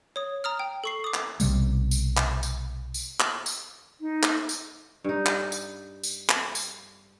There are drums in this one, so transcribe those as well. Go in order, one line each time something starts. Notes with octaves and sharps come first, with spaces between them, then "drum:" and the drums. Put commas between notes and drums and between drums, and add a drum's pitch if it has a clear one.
C#5 D#6
A#5 D#6 F6
G5
A4 C#6 C7
D6 D#6
drum: clap
B1 C3 G3 A3, drum: tambourine
drum: tambourine
drum: clap
drum: tambourine
drum: tambourine
drum: clap
drum: tambourine
D#4
drum: clap
drum: tambourine
G2 D#4
drum: clap
drum: tambourine
drum: tambourine
drum: clap
drum: tambourine